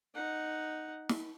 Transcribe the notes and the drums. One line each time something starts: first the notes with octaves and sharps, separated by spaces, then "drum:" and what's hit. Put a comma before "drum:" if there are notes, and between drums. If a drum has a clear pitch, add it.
D#4 F#5
drum: snare